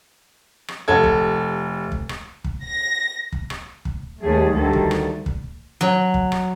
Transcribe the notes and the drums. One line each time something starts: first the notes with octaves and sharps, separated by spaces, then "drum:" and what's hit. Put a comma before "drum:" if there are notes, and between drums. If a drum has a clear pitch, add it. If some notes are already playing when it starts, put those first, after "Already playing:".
drum: rim click
F1 A4 G#6
drum: kick
drum: kick
drum: rim click
drum: kick
A#6
drum: kick
drum: rim click
drum: kick
D#2 G3 A3 G#4
D2 D#3 G3 A4
drum: kick
drum: rim click
drum: kick
F#3
drum: kick
drum: rim click